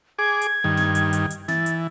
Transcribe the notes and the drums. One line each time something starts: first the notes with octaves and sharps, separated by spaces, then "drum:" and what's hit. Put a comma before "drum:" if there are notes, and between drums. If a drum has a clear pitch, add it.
G#4 D6 G#6
drum: hi-hat
G2 D#3
drum: snare
drum: hi-hat
drum: hi-hat
drum: hi-hat
E3 A6, drum: snare
drum: hi-hat